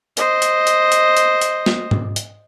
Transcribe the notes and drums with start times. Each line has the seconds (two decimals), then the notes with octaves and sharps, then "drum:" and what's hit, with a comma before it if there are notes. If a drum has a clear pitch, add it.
0.17 C5 D#5, drum: hi-hat
0.42 drum: hi-hat
0.67 drum: hi-hat
0.92 drum: hi-hat
1.17 drum: hi-hat
1.41 drum: hi-hat
1.66 drum: snare
1.91 drum: tom
2.16 drum: hi-hat